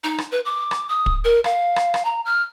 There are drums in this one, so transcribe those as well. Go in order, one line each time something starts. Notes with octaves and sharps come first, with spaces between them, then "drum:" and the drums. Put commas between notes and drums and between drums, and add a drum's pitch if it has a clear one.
D#4
drum: rim click
B4
D6
drum: rim click
D#6
drum: kick
A#4
F5, drum: rim click
drum: rim click
drum: rim click
A#5
F6